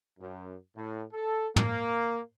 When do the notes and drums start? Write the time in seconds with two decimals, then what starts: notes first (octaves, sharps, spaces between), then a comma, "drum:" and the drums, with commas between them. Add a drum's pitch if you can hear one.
0.20 F#2
0.76 A2
1.13 A4
1.56 A#3, drum: tom